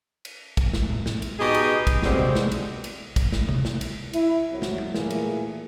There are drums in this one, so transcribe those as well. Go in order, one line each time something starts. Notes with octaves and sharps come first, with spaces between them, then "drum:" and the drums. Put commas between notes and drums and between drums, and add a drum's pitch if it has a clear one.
drum: cymbal
drum: kick, cymbal
drum: snare
drum: tom A2
drum: snare
drum: cymbal
B2 D#4 G4 G#4 D#5
drum: cymbal
drum: kick, cymbal
B2 D3 G3 G#3 C4, drum: snare
drum: tom C3
drum: snare
drum: cymbal
drum: cymbal
drum: kick, cymbal
drum: snare
drum: tom C3
drum: snare
drum: cymbal
E4, drum: cymbal
C2 F#3
drum: snare
drum: tom F#3
A#2 E3 A3 A#3 G#4, drum: snare
drum: cymbal